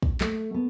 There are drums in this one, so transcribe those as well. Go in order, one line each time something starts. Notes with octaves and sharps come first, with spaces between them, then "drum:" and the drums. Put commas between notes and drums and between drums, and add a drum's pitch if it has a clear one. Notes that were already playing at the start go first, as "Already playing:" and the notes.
drum: kick
A3, drum: clap
B3